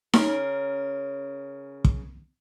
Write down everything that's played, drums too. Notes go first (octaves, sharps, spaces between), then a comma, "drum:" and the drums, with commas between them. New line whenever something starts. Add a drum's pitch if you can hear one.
C#3 A#4, drum: snare D#4
drum: kick